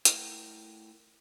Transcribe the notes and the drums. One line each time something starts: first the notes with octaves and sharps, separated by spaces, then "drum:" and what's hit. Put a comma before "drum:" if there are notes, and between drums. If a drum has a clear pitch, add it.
A3 E4 A#4 F#5 G5, drum: hi-hat